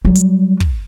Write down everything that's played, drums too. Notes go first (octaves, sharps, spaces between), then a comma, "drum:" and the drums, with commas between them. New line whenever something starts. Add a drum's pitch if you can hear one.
F#3 G3
drum: hi-hat
drum: kick